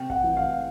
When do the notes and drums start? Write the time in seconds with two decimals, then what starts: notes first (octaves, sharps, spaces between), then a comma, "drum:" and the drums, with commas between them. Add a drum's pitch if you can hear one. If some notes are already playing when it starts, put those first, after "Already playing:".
Already playing: C3 G5
0.10 F#5, drum: kick A1
0.23 E3
0.37 F5